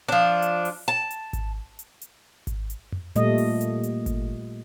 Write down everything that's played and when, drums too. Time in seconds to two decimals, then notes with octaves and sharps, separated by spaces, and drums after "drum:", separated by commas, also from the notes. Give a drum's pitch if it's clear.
0.08 F3 D4
0.42 drum: hi-hat
0.65 drum: open hi-hat
0.88 A5
1.11 drum: hi-hat
1.33 drum: kick G#1, hi-hat
1.79 drum: hi-hat
2.01 drum: hi-hat
2.47 drum: kick G#1, hi-hat
2.70 drum: hi-hat
2.92 drum: tom F2
3.16 A#2 G3 A3 D#5, drum: hi-hat
3.38 drum: open hi-hat
3.61 drum: hi-hat
3.83 drum: hi-hat
4.06 drum: kick G#1, hi-hat